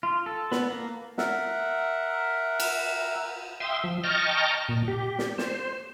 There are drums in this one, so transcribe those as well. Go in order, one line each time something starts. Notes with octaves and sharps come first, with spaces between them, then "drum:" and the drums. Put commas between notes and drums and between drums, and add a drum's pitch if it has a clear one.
F4
A4
B3, drum: snare
A#3
A#4 E5 F#5, drum: snare
drum: cymbal
E5 F5 G5 C6 D#6 E6
F3
D#5 G5 A5 A#5 C#6 F6
A#2
G4
drum: snare
C5, drum: snare